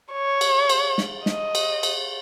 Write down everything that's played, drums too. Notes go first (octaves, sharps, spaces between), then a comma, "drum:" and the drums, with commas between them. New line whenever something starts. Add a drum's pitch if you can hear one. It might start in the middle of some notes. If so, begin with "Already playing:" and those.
C#5
drum: cymbal
drum: cymbal
drum: snare
D#5, drum: snare
drum: cymbal
drum: cymbal